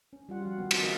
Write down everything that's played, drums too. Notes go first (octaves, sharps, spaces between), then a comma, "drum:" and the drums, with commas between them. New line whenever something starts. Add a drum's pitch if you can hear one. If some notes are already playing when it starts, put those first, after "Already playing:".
C#4
G3 F4 F#5
F3 F#4
D#3 F#3 B3
C4 C#4 D#4 F#4 C5, drum: cymbal
G#3 F#4 A#4 F5